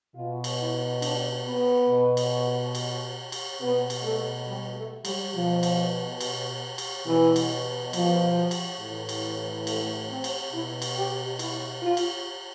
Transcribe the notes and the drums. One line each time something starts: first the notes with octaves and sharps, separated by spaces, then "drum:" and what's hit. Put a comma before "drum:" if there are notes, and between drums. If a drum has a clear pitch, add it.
B2 F4
drum: cymbal
E4
D4, drum: cymbal
B3
B2
drum: cymbal
drum: cymbal
drum: cymbal
B2 B3
drum: cymbal
A3
G3
A3
G3, drum: cymbal
B2 F3
drum: cymbal
drum: cymbal
drum: cymbal
B2 E3
drum: cymbal
F3, drum: cymbal
drum: cymbal
A2 E3
drum: cymbal
A3, drum: cymbal
C4
drum: cymbal
B2 E4
drum: cymbal
G4
E4, drum: cymbal
F4
drum: cymbal